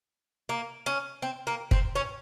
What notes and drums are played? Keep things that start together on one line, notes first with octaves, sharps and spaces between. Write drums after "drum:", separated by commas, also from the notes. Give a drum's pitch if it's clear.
A#3
C#4
C4
A#3
C4, drum: kick
C#4